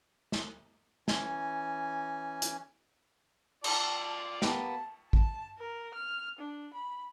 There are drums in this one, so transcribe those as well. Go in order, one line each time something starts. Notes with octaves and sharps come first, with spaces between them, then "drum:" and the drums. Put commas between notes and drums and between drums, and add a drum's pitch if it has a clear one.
drum: snare
E3 C#4 G#5, drum: snare
drum: hi-hat
F4 D5 A5, drum: cymbal
A#3 B3 G4 A5, drum: snare
A5, drum: kick
A#4
F6
D4
B5